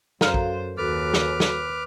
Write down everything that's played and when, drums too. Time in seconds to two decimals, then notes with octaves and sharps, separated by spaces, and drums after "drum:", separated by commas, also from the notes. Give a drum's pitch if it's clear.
0.21 F#2 F#4 A4 A#4 C5 F5, drum: snare
0.34 drum: kick
0.78 D#2 F#4 A4 B4 D6 F6
1.14 drum: snare
1.40 drum: snare